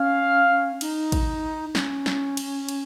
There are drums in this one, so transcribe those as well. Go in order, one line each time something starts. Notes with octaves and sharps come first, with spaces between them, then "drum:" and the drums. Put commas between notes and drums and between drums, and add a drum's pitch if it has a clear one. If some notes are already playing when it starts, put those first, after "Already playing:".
Already playing: C#4 F5
D#4, drum: cymbal
drum: kick A1, cymbal
C#4, drum: snare
drum: snare
drum: cymbal
drum: cymbal